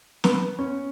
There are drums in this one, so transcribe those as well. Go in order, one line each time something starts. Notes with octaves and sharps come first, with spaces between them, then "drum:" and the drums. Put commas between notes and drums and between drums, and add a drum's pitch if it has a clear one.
B3, drum: snare
C#4